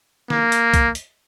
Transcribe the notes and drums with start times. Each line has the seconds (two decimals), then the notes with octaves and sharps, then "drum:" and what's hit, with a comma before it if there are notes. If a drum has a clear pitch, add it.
0.30 A#3, drum: snare
0.52 drum: hi-hat
0.74 drum: kick, hi-hat
0.95 drum: hi-hat